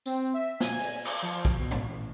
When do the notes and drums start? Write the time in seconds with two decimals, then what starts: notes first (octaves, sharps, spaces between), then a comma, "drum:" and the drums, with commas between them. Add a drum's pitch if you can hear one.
0.06 C4, drum: tambourine
0.34 E5
0.60 G#5, drum: snare
0.79 drum: open hi-hat
1.05 drum: cymbal
1.22 F3
1.45 drum: kick
1.58 B2
1.71 drum: tom G#2
1.85 A1